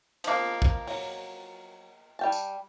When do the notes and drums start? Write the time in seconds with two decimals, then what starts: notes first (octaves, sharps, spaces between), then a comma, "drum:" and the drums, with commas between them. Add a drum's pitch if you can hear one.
0.24 F3 A#3, drum: cymbal
0.62 drum: kick
0.87 F#3, drum: open hi-hat
2.19 G3 G5 A5
2.32 drum: tambourine